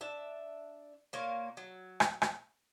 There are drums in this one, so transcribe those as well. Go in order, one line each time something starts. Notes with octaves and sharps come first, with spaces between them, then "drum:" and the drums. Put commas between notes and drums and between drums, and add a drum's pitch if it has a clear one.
D4 E5
A#2 A#3 C#5
F#3
drum: rim click
drum: rim click